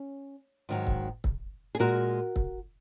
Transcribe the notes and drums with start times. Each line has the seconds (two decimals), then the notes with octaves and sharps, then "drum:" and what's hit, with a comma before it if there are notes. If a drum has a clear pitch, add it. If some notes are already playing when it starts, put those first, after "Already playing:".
Already playing: C#4
0.69 G#2 D#3 F#3
0.87 drum: kick
1.24 drum: kick
1.75 G#4
1.79 A#2 G#3 F#4 A#4
2.36 drum: kick